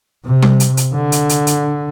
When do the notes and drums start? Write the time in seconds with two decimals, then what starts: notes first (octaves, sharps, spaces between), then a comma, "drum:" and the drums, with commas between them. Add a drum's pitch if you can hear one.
0.25 C3
0.42 drum: tom G3
0.60 drum: hi-hat
0.77 drum: hi-hat
0.94 D3
1.12 drum: hi-hat
1.29 drum: hi-hat
1.47 drum: hi-hat